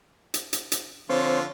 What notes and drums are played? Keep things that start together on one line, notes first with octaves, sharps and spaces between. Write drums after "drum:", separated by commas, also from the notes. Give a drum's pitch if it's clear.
drum: hi-hat
drum: hi-hat
drum: hi-hat
D3 F3 C4 F4 C5 C#5